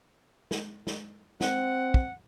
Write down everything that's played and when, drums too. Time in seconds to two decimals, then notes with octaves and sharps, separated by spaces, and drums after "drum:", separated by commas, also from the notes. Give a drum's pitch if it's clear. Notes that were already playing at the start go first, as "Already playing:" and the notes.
0.51 drum: snare
0.87 drum: snare
1.40 C4 F#5, drum: snare
1.94 drum: kick